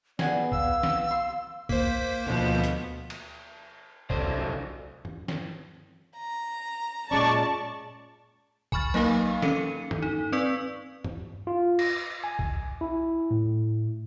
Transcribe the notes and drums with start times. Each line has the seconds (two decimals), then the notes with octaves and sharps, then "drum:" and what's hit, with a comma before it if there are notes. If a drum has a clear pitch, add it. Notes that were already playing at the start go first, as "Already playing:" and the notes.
0.19 B3 G#4 D5 F#5 G#5, drum: snare
0.52 F5 E6, drum: kick B1
0.83 drum: snare
1.11 C6
1.69 A#3 C5 B6, drum: kick B1
2.26 D2 B2 F3 B3
2.64 drum: hi-hat
3.10 drum: cymbal
4.10 C3 F#3 A3 A4 C5 D5, drum: kick B1
5.05 drum: tom G2
5.28 drum: snare
6.17 A#5
7.11 A#2 G#3 C#4 D5 A5 C#6
8.72 G#5 B5 C#6 F6 A6, drum: kick B1
8.94 F#3 A#3 D#4 A#4 F5, drum: cymbal
9.42 C#4 A4 C#7 D#7, drum: snare
9.91 drum: tom
10.03 D#4
10.32 C4 B4 D5 C#6 E6 B6
11.04 drum: tom G2
11.47 F4
11.79 A#6, drum: cymbal
12.24 G#5
12.39 drum: kick B1
12.81 E4
13.31 A2